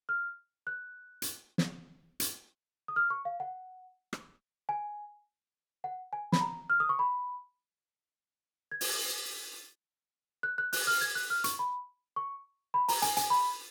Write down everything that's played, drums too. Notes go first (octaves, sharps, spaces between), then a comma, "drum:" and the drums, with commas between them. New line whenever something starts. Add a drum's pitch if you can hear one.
F6
F#6
drum: hi-hat
drum: snare
drum: hi-hat
D#6
F6
C#6
F5
F#5
drum: rim click
G#5
F#5
G#5
B5, drum: snare
A#5
F6
D#6
C#6
B5
G#6
drum: open hi-hat
F#6
F#6
F#6, drum: open hi-hat
F6
G#6
F#6
F6
C#6, drum: hi-hat
B5
C#6
B5
A#5, drum: open hi-hat
G#5, drum: hi-hat
G#5, drum: hi-hat
B5